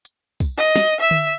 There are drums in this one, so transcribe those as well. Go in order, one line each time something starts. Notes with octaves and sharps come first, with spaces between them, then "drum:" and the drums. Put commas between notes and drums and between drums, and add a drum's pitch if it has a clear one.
drum: hi-hat
drum: kick, open hi-hat
D#5
drum: snare
E5
drum: tom D3